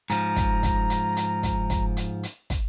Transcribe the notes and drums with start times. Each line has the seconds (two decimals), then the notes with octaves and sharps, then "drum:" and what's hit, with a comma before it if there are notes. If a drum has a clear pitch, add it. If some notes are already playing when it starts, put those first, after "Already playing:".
0.10 G#2 F3 A#5, drum: hi-hat
0.36 drum: kick, hi-hat
0.63 drum: kick, hi-hat
0.90 drum: hi-hat
1.17 drum: hi-hat
1.43 drum: kick, hi-hat
1.70 drum: kick, hi-hat
1.97 drum: hi-hat
2.23 drum: hi-hat
2.50 drum: kick, hi-hat